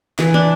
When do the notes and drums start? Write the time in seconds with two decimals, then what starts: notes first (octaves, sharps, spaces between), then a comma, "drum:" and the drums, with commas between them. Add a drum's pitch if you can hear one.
0.19 E3, drum: snare
0.34 D4